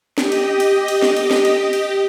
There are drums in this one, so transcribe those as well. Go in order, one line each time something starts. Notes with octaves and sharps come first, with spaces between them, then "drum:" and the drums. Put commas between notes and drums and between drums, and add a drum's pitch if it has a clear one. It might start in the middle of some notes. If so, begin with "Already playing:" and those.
G4 D#5, drum: snare
drum: cymbal
drum: cymbal
drum: cymbal
drum: snare
drum: cymbal
drum: snare
drum: cymbal
drum: cymbal